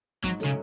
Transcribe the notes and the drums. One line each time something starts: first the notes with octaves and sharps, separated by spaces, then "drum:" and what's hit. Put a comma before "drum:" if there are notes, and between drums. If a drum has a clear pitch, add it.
G#2 F#3, drum: kick, hi-hat
C#3 F#3 A3 C#4, drum: hi-hat